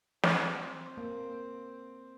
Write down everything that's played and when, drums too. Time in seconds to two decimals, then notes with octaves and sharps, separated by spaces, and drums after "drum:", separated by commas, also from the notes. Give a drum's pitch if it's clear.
0.23 C4, drum: snare
0.97 A#3